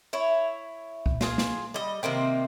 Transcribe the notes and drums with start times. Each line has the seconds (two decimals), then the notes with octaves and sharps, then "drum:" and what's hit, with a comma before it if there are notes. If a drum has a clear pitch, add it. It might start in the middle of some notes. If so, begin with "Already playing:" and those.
0.13 E4 C#5
1.06 drum: kick
1.21 F4 G#4, drum: snare
1.38 drum: snare
1.74 G3 D#5
2.03 C3 D#3 A#3 C4